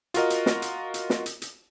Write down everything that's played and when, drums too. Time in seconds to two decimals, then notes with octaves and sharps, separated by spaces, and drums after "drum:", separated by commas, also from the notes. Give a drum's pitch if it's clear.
0.14 F4 F#4 A#4 D#5, drum: hi-hat
0.30 drum: hi-hat
0.46 drum: snare
0.62 drum: hi-hat
0.94 drum: hi-hat
1.10 drum: snare
1.26 drum: hi-hat
1.42 drum: hi-hat